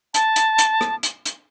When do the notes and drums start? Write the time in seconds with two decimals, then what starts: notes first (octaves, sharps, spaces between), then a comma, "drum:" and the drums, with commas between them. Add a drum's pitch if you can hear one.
0.14 A5, drum: hi-hat
0.36 drum: hi-hat
0.58 drum: hi-hat
0.81 drum: rim click
1.03 drum: hi-hat
1.26 drum: hi-hat